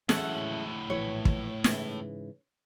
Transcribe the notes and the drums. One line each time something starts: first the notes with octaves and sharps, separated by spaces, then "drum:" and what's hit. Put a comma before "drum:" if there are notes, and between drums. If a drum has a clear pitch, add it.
A2 E3 F#3 G#3 C#4 E4 A4 F#5, drum: snare
A#1 E3 F#3 C#5
drum: kick
G#2 C#3 E3, drum: snare